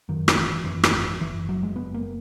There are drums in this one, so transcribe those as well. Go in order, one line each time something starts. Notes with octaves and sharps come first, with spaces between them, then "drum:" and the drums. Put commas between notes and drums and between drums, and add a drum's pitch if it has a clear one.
F#2 D#3
drum: rim click
G#1 E3
F#2 E3
drum: rim click
G#1
F#1 E3
F#1 F#3
G#3
F#1 B3
A#3